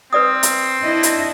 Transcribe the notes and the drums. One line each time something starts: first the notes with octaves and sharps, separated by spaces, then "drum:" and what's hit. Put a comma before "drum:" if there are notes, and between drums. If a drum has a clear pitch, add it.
C4 B4 D5 D#6
drum: hi-hat
D4 E4 D#5
drum: hi-hat